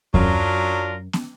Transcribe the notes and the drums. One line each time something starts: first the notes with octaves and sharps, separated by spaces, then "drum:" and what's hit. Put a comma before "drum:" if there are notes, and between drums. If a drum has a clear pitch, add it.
F#2 F#3 D4 F4 A#4, drum: kick D#2
drum: snare B3